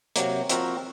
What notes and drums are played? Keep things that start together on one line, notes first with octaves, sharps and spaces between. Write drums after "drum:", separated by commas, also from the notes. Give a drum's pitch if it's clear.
C3 F#3 A#3, drum: hi-hat
F3 C4 F#4 A#4, drum: hi-hat